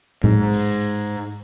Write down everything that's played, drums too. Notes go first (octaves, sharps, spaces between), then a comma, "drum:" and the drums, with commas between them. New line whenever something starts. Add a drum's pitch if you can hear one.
G#2, drum: tom A2
drum: open hi-hat